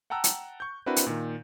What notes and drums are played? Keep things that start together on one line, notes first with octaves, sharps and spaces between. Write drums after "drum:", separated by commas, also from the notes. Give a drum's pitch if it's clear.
F#5 G5 A5 A#5 E6 F#6
drum: hi-hat
C#6 G6
C4 D4 E4 F#4 A#4 B4
drum: hi-hat
A#2 D#3